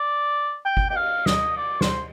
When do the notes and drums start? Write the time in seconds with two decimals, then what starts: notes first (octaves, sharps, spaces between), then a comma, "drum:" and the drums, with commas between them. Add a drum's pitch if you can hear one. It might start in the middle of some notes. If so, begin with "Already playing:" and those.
Already playing: D5
0.66 G5
0.77 drum: kick G1
0.90 G5, drum: cymbal
0.97 F5
1.26 D#5, drum: snare
1.57 D5
1.81 C5, drum: snare